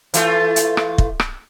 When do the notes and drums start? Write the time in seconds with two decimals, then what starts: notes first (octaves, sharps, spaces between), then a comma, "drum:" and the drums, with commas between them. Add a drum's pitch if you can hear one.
0.14 E3 A3 F4, drum: hi-hat
0.56 drum: hi-hat
0.77 drum: rim click
0.98 drum: kick
1.20 drum: rim click